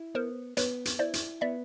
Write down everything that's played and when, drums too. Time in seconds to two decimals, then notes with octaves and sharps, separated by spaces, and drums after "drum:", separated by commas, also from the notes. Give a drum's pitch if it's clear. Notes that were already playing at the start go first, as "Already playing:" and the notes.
Already playing: E4
0.15 B3 A#4 C5
0.57 B3 B4 C#5, drum: hi-hat
0.85 drum: hi-hat
0.99 E4 C5 D5
1.14 drum: hi-hat
1.41 B3 D5 E5